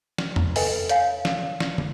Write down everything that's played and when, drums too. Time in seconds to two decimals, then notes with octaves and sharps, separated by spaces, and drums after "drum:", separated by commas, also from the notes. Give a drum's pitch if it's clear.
0.18 drum: snare
0.36 drum: tom E2
0.56 A4 B4 D#5 G5 G#5, drum: open hi-hat
0.89 C#5 F5 G#5, drum: hi-hat
1.25 drum: snare
1.60 drum: snare
1.78 drum: tom